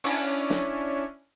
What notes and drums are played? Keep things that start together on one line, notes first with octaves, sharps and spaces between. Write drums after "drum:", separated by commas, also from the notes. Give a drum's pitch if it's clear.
C#4 D4 E4, drum: open hi-hat
drum: snare